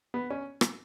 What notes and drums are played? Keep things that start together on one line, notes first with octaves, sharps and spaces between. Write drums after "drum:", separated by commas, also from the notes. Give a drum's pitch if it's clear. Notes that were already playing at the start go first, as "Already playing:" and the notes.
B3
C#4
drum: rim click